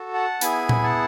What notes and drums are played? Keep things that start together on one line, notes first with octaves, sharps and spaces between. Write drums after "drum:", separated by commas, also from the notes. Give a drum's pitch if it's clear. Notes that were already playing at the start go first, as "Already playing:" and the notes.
Already playing: F#4 A4
F#5 A5
B3 E4 G#4 G#5 B5, drum: hi-hat
drum: tom A#2
F#5 A5